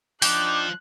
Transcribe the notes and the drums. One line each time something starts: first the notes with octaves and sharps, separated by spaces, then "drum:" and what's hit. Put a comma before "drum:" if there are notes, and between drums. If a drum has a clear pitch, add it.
F3 D4 D#4 G5 D6 F#6, drum: open hi-hat